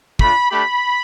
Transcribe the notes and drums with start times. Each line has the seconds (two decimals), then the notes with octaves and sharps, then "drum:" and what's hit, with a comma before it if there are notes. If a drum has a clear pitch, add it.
0.19 A3 D4 F4 B5, drum: kick
0.50 A3 D4 G4 B5